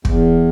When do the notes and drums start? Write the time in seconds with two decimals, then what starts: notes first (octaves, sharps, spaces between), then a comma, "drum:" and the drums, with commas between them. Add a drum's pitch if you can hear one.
0.05 E2, drum: kick